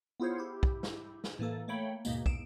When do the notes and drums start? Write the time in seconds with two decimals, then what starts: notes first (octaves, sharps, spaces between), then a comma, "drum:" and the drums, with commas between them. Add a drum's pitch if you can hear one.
0.20 B3 E4 F4 G#4 C5 C#5
0.38 E4 G4
0.63 drum: kick
0.83 drum: snare
1.24 drum: snare
1.39 A2 E3 A#3 A4
1.68 A3 A#3 C#5 G5 B5
2.05 D#2 G#2 B2 G#3 A#3, drum: tambourine
2.26 E2 D7 E7, drum: kick